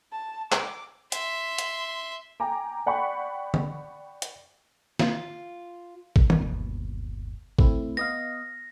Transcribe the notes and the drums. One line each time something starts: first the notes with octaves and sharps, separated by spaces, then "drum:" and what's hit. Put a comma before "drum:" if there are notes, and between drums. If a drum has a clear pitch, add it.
A5
D6, drum: clap
E5 C6, drum: hi-hat
drum: hi-hat
G5 G#5 A#5 D6
D5 F#5 G5 B5 C#6
drum: tom
drum: hi-hat
F4, drum: snare
drum: kick
drum: tom D#3
D1 G1 D#2 B2
A3 C4 E4, drum: kick
B3 D#5 F5 A#6